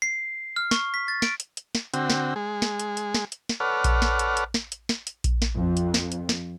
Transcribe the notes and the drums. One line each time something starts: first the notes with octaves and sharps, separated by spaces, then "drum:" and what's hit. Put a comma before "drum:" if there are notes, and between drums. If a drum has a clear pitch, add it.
C7
F6
C#6, drum: snare
B6
A6
D7, drum: snare
drum: hi-hat
drum: hi-hat
drum: snare
D3 C4 F#4 G5, drum: hi-hat
drum: snare
G#3 G#4
drum: snare
drum: hi-hat
drum: hi-hat
drum: snare
drum: hi-hat
drum: snare
A4 B4 C#5 D5 F#5 F6
drum: kick A#1, hi-hat
drum: snare
drum: hi-hat
drum: hi-hat
drum: snare
drum: hi-hat
drum: snare
drum: hi-hat
drum: kick A#1, hi-hat
drum: snare
F2
drum: hi-hat
drum: snare
drum: hi-hat
drum: snare